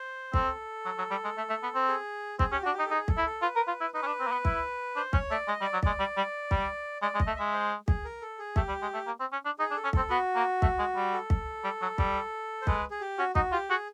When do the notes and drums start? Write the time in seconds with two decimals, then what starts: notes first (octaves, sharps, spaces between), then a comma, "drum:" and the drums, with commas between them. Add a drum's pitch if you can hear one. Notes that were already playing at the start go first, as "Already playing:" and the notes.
Already playing: C5
0.34 C4 A4, drum: kick
0.85 F#3
0.98 F#3
1.11 G3
1.24 G#3
1.37 A3
1.49 A3
1.63 B3
1.75 C4
1.88 G#4
2.39 C4 G#4, drum: kick
2.51 C#4 G4
2.62 D4 F#4
2.74 D#4 G4
2.86 A4
2.91 D#4 G#4
3.08 A4, drum: kick
3.17 E4
3.26 A4
3.42 F4 B4
3.56 A#4
3.67 F4
3.81 E4
3.94 D#4 B4
4.03 C#4
4.07 D4
4.20 C4
4.27 A#3
4.32 B3
4.45 E4, drum: kick
4.96 D4 C5
5.13 C#4 C#5, drum: kick
5.31 A3 D5
5.48 G#3 D#5
5.61 G3
5.65 D5
5.73 F#3
5.83 G#3 D5, drum: kick
5.99 G3
6.17 G3
6.51 G3, drum: kick
7.02 G#3 D5
7.15 G#3
7.20 D#5, drum: kick
7.27 A3
7.36 G#3 E5
7.53 C5
7.88 G#4, drum: kick
8.05 A#4
8.21 A4
8.39 G#4
8.56 A3 G4, drum: kick
8.68 G3
8.82 G#3
8.94 A3
9.07 A#3
9.20 C4
9.33 C#4
9.45 D4
9.59 D#4 G#4
9.71 D4
9.76 A4
9.84 C#4
9.93 C4 A4, drum: kick
10.10 B3 F#4
10.36 A#3
10.62 A3, drum: kick
10.79 G#3
10.96 G3
11.13 A4
11.30 drum: kick
11.64 G3
11.82 F#3
11.98 G3, drum: kick
12.62 C5
12.67 G#3 B4, drum: kick
12.91 G#4
13.01 G4
13.18 C#4 F#4
13.35 D#4 F#4, drum: kick
13.52 F4 G4
13.70 F#4 G#4